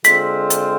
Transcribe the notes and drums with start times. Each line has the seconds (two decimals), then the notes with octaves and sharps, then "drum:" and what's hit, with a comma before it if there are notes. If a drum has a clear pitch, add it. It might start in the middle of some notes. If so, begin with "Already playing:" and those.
0.04 D3 G#3 C4 F4 B6, drum: hi-hat
0.50 drum: hi-hat